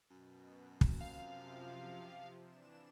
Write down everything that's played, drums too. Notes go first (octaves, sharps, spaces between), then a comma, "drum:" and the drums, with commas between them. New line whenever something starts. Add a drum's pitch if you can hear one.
F#2 B2
drum: kick
C3 F3 F5
E3 D4 E7